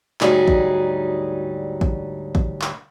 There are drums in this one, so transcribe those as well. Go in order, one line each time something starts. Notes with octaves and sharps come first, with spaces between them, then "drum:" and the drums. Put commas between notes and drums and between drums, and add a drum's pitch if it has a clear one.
D2 G#2 F#3 G3 D#4 G#4, drum: clap
drum: kick A1
drum: kick A1
drum: kick A1
drum: clap